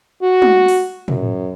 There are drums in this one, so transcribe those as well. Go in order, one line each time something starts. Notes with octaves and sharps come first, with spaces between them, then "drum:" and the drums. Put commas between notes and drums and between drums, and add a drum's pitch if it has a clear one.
F#4
drum: tom
drum: open hi-hat
F#2, drum: tom